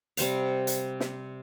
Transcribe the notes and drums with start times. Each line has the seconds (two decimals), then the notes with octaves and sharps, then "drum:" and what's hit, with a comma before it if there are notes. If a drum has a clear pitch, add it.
0.17 C3 G3 C5 F5, drum: hi-hat
0.67 drum: hi-hat
1.00 drum: snare